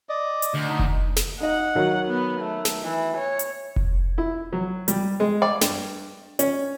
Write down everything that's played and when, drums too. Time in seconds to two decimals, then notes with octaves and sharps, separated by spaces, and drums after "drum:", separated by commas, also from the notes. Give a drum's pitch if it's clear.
0.09 D5 D#5
0.42 drum: hi-hat
0.54 D2
0.69 D#4
0.79 drum: kick F1
1.16 drum: snare
1.40 D#4 D#5 F#5
1.75 D#3 F#3
2.08 B3
2.41 A3
2.65 drum: snare
2.83 E3
3.17 C#5
3.39 drum: hi-hat
3.76 drum: kick F1
4.18 E4
4.53 F#3
4.88 G3, drum: hi-hat
5.20 G#3
5.42 D5
5.61 G2, drum: snare
6.39 C#4, drum: hi-hat